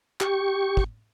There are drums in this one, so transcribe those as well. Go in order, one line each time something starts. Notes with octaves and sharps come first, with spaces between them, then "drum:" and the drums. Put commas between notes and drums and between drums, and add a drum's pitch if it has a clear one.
G4 C#6, drum: clap
drum: kick